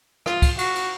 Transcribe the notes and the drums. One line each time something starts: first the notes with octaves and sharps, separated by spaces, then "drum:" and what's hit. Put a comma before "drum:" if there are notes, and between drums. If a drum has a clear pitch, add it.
F4, drum: rim click
drum: kick, cymbal
F#4, drum: cymbal
drum: cymbal